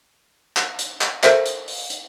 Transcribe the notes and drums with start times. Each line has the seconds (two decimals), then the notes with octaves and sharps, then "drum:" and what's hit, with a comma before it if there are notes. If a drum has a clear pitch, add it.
0.57 drum: clap
0.79 drum: hi-hat
1.01 drum: clap
1.23 A4 A#4 C5 E5, drum: clap
1.46 drum: hi-hat
1.68 drum: open hi-hat
1.90 drum: hi-hat